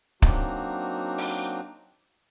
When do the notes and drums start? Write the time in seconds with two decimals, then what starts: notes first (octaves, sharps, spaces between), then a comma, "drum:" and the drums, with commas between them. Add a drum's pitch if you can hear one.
0.22 F#3 A#3 C4 D4 D#4 F#4, drum: kick
1.18 drum: open hi-hat